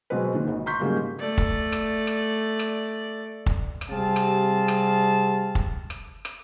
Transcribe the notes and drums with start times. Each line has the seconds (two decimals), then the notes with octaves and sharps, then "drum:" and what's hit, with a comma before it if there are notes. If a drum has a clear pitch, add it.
0.10 B2 F#3 G#3 C4 B4
0.33 A#2 D#3
0.47 G#1
0.66 A#5 C6 C#6 G6 B6
0.80 G#2 C#3 F#3 G3 A#3
1.19 A3 D5
1.38 drum: kick
1.72 drum: rim click
2.07 drum: rim click
2.59 drum: rim click
3.46 drum: kick
3.81 drum: rim click
3.91 C3 G3 C4 G#4 F5 A5
4.16 drum: rim click
4.68 drum: rim click
5.55 drum: kick
5.90 drum: rim click
6.25 drum: rim click